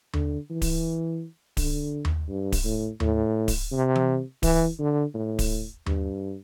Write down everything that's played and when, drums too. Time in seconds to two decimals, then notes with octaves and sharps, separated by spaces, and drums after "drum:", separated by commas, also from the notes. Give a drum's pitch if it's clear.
0.13 D3, drum: tom D#2
0.50 E3
0.62 drum: kick D1, open hi-hat
1.57 D3, drum: kick D1, open hi-hat
2.05 drum: tom D#2
2.28 G2
2.52 drum: kick D1, open hi-hat
2.64 A2
3.00 A2, drum: tom D#2
3.48 drum: kick D1, open hi-hat
3.72 C3
3.96 drum: tom E3
4.43 E3, drum: kick D1, open hi-hat
4.79 D3
5.14 A2
5.39 drum: kick D1, open hi-hat
5.86 G2, drum: tom D#2